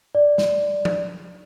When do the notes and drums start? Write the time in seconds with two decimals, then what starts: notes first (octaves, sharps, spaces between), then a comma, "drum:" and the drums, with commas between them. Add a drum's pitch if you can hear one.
0.15 D5
0.38 drum: snare
0.85 drum: tom F3